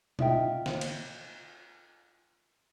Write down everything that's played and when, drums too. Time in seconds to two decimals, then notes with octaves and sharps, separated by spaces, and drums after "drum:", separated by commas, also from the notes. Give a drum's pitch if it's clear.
0.19 D#4 F4 E5 G5, drum: tom
0.66 drum: snare
0.81 drum: cymbal